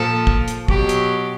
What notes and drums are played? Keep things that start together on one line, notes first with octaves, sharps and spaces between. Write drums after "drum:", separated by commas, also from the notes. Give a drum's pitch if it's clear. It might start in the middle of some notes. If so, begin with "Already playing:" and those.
Already playing: A#2 F3 A4
drum: kick
drum: hi-hat
B2 F#3 G4, drum: kick
drum: hi-hat